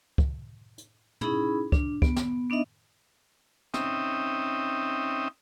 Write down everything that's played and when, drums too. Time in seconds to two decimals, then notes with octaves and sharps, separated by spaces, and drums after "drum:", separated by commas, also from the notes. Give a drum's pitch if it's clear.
0.18 drum: kick
0.78 drum: hi-hat
1.21 C#4 D#4 E4 G#4 B5, drum: tom
1.72 D4, drum: kick
2.02 B3, drum: kick
2.16 drum: snare
2.50 B3 D4 D#4 D#5 E5
3.74 C4 C#4 D#4 E5 G5 D#6, drum: snare